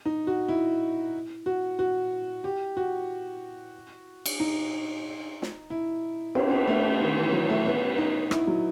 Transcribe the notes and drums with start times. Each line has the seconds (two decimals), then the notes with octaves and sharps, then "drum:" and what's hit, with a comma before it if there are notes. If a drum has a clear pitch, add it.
0.06 D#4
0.27 F#4
0.48 E4
1.46 F#4
1.79 F#4
2.44 G4
2.77 F#4
4.26 drum: cymbal
4.40 D#4
5.42 drum: snare
5.70 E4
6.35 C4, drum: cymbal
6.51 B3
6.68 A3
7.00 D#3
7.17 E3
7.33 F#3
7.50 A3
7.66 B3
7.98 D#4
8.31 E4, drum: rim click
8.47 F#3